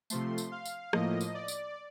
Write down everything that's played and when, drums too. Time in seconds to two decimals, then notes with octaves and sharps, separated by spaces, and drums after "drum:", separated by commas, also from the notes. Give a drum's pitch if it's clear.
0.10 C3 F3 A3 C6, drum: tambourine
0.38 drum: tambourine
0.52 F5
0.65 drum: tambourine
0.93 A2 F3 A#3 D#5, drum: rim click
1.21 drum: tambourine
1.34 D5
1.48 drum: tambourine